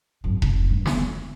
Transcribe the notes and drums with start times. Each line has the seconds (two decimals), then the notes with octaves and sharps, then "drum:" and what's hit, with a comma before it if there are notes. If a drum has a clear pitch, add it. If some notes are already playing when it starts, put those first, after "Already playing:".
0.24 G#1 F#2
0.42 F1, drum: kick E1
0.70 G2
0.86 B3, drum: snare
0.99 D#3